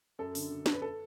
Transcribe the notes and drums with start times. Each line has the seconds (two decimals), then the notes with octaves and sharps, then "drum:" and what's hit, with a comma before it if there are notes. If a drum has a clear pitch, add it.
0.19 F#2 A4
0.35 D3, drum: open hi-hat
0.51 D3
0.66 F#2, drum: snare
0.73 B4
0.82 A4